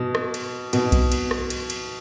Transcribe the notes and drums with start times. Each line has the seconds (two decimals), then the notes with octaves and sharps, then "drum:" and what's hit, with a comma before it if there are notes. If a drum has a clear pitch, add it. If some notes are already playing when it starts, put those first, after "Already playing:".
Already playing: B2
0.15 drum: rim click
0.34 drum: cymbal
0.73 B2, drum: cymbal
0.92 drum: kick B1, cymbal
1.12 drum: cymbal
1.31 drum: rim click
1.50 drum: cymbal
1.70 drum: cymbal